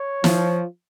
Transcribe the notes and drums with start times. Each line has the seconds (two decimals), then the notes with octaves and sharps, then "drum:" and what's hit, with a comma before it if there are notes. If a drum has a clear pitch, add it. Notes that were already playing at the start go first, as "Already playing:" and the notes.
Already playing: C#5
0.24 F3, drum: snare